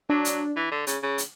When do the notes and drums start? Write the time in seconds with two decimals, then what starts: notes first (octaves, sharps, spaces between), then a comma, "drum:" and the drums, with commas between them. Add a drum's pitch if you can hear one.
0.09 F#3 D4
0.25 drum: hi-hat
0.56 E3
0.71 D3
0.87 C#3, drum: hi-hat
1.03 C#3
1.18 drum: hi-hat